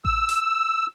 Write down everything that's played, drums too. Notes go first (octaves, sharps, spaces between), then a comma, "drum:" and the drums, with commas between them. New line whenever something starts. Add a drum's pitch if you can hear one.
E6, drum: kick A1
drum: hi-hat